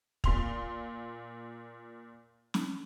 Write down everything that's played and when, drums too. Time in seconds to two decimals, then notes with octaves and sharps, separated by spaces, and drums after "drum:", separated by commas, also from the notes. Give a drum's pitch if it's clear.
0.24 A#2 C6 F7, drum: kick
2.54 drum: snare